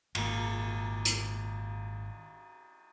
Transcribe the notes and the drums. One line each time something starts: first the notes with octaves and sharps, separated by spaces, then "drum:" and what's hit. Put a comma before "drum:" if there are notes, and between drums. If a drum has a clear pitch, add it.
G#1 A#2, drum: cymbal
drum: hi-hat